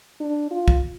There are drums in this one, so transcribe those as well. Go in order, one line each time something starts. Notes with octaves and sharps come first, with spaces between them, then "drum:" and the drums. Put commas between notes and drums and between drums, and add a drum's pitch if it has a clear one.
D4
F4
drum: kick